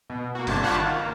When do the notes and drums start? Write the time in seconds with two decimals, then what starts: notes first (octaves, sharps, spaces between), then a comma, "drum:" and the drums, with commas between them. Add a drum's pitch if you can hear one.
0.10 B2
0.35 A#3 F#4
0.47 G1 C3 D4 A5, drum: cymbal
0.63 F4 F#5 A5 B5 C#6 D6
0.77 D#3
0.99 A#3